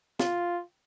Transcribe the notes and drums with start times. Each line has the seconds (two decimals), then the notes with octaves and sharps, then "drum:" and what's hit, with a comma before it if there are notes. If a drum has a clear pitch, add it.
0.20 F4, drum: snare